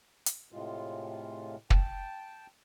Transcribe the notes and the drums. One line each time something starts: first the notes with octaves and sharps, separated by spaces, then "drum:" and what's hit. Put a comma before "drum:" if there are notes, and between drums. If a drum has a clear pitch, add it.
drum: hi-hat
A2 C3 G#3 F4
G5 A5, drum: kick